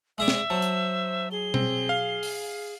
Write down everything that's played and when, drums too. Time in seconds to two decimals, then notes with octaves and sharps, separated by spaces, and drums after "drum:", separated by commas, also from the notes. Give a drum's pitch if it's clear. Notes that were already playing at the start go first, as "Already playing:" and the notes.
0.18 G#3 G#4 D5 E5
0.28 drum: snare
0.50 F#3 C5 A5
0.62 drum: hi-hat
1.31 G#4 G7
1.54 C4, drum: tom B2
1.89 F5
2.23 drum: open hi-hat